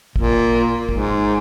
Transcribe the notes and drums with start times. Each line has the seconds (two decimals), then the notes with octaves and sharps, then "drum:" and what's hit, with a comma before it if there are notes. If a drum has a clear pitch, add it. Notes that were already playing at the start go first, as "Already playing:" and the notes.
0.16 A#2, drum: kick
0.89 G#2, drum: kick